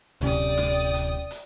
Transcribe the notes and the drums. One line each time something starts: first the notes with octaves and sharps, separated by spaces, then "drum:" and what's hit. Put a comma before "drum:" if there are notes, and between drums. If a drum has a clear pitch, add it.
D1 C3 C#4 D5 G5 D#6, drum: hi-hat
drum: snare
drum: hi-hat
drum: hi-hat